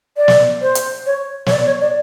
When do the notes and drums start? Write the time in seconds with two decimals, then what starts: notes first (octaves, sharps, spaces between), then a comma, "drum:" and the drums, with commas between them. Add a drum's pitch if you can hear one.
0.17 D5
0.28 drum: snare
0.61 C5
0.75 drum: hi-hat
1.06 C#5
1.46 C#5, drum: snare
1.51 D5
1.66 C#5
1.81 D5